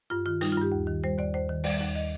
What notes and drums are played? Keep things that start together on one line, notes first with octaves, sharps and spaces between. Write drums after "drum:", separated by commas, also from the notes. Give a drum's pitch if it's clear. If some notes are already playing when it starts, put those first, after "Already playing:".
G2 F4
D#3 F4
G3 D#4, drum: hi-hat
F4
G2 G4
D#2
D#3
G3 C5
D#2 D5
D#2 C5
D#3
G3 D5, drum: open hi-hat
D#2
D#5